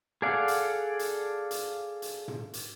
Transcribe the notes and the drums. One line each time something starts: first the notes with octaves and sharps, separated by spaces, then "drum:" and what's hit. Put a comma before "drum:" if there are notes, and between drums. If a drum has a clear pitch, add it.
G#4 A4 D5 F5 F#5
drum: hi-hat
drum: hi-hat
drum: hi-hat
drum: hi-hat
drum: tom
drum: hi-hat